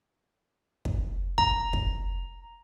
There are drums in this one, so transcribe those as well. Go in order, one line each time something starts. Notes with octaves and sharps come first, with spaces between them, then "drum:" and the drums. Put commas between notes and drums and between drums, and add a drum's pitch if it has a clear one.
drum: kick
A#5, drum: kick
drum: kick